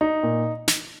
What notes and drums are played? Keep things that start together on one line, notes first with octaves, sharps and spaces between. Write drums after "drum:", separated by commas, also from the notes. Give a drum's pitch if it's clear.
D#4
A#2
drum: snare